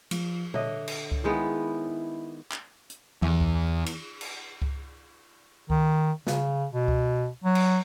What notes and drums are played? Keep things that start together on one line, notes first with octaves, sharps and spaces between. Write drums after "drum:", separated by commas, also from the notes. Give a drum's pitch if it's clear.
F3, drum: cymbal
D3 C#5 D#5 E5, drum: tom A#2
drum: cymbal
drum: kick C#2
D#3 G#3 B3 E4
drum: clap
drum: hi-hat
E2, drum: tom E3
drum: kick C#2
drum: cymbal
drum: cymbal
drum: kick C#2
D#3, drum: kick C#2
C#3, drum: snare
B2
drum: kick C#2
F#3
drum: cymbal